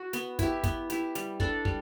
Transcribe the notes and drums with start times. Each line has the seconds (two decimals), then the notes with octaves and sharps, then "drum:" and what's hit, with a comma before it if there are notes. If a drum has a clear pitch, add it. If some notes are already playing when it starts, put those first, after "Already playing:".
Already playing: F#4
0.13 B3, drum: hi-hat
0.39 E4 G4, drum: kick, hi-hat
0.64 B3, drum: kick, hi-hat
0.90 E4 G4, drum: hi-hat
1.15 G3, drum: hi-hat
1.40 D4 A4 D5, drum: kick
1.65 G3, drum: kick